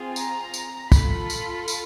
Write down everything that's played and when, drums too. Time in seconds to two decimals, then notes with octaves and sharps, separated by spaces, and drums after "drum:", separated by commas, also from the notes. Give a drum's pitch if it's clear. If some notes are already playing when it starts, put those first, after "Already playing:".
Already playing: C4 F4 G#4
0.16 A#5, drum: tambourine
0.54 drum: tambourine
0.92 F4 A4 B5, drum: kick, tambourine
1.30 drum: tambourine
1.68 drum: tambourine